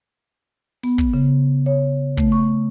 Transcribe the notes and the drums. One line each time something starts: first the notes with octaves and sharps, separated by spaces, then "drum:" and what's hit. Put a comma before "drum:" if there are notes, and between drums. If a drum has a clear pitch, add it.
B3, drum: open hi-hat
drum: kick
C#3
C#5
A3, drum: kick
C#6